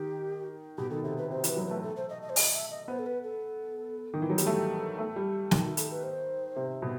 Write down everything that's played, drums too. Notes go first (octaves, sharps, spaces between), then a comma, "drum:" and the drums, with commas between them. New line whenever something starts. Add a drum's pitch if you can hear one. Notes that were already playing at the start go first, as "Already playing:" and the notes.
Already playing: D#3 G4
B2 G4
D#3 A4
C3 A4
B4
C3 C5
E3, drum: hi-hat
B4
F#3
A3 B4
A4
C5
D#5
D#5
C5
D#5, drum: open hi-hat
E5
D#5
B3 C5
A4
B4
A4
D#3
E3
F#3
G3, drum: hi-hat
A3 A4
A3
G3
D#3 G4, drum: snare
F#4
A4, drum: hi-hat
B4
C5
C3
B2